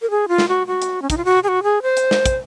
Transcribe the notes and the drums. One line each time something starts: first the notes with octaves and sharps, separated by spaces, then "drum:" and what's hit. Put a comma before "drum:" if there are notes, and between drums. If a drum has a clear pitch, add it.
A#4
G#4
F4
drum: snare
F#4
F#4
drum: hi-hat
C#4
D#4, drum: kick, hi-hat
F4
F#4
G#4
F#4
G#4
C5
drum: hi-hat
drum: snare
drum: kick, hi-hat